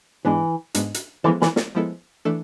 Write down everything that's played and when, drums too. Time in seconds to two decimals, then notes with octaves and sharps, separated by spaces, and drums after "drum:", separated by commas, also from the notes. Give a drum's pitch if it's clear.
0.25 G#2 E3 G#3 B3 D4
0.75 G#2 G#3 B3 D4, drum: hi-hat
0.94 drum: hi-hat
1.24 E3 F3 G#3 B3 E4 A4
1.42 E3, drum: snare
1.56 drum: snare
1.75 F3 G#3 B3 E4 A4
2.25 E3 A3 D4 A4